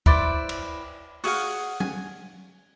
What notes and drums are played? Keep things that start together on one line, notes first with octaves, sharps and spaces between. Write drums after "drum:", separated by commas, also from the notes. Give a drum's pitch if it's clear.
E4 B4 C5 D5, drum: kick
drum: cymbal
F#4 G#4 F5 F#5, drum: open hi-hat
G#5, drum: tom F#3